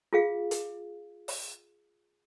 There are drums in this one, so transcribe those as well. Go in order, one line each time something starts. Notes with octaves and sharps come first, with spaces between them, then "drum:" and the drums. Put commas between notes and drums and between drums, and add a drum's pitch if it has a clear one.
F4 G#4 F5
drum: hi-hat
drum: open hi-hat